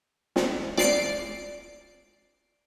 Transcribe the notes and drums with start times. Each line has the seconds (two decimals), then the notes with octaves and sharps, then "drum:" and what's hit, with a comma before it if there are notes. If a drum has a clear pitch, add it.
0.36 drum: snare
0.77 D5 C7 D7, drum: snare